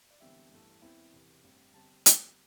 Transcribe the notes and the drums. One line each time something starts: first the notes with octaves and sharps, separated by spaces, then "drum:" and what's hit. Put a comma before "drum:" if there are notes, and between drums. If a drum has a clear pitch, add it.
D5
E1 E2 D3 G3 C4 E5
A1 G2 E3 A3
E1 E2 E3 C4 E4
E1 E2 C3 E3
A1 G2 G3 C4
G1 G3 C4 A5
drum: hi-hat